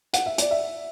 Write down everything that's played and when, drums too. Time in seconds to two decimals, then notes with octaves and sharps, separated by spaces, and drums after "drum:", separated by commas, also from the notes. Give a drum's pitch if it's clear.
0.13 F#5, drum: hi-hat
0.26 E5
0.38 D5, drum: hi-hat
0.51 E5